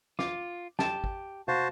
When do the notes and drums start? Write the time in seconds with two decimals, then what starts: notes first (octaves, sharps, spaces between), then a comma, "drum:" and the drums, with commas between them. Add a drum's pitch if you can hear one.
0.19 F4 D6, drum: snare
0.79 G4 A5, drum: snare
1.04 drum: kick
1.48 F#4 C5 F5 A5, drum: tom C3